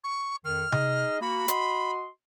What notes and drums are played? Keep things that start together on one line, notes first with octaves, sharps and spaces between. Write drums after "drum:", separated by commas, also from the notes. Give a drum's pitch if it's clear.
C#6
F2 D#3 F6
D#4 G#4 D#5, drum: tom C3
A#3 F#4 B5
F#4 D#5 C6, drum: hi-hat